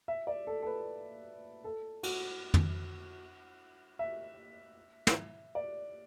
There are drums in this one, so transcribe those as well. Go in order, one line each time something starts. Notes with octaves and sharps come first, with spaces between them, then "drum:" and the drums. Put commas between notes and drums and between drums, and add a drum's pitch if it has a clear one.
E5
D5
A4
A4
B4
A4
F#4, drum: cymbal
drum: tom F2
E5
drum: snare
D5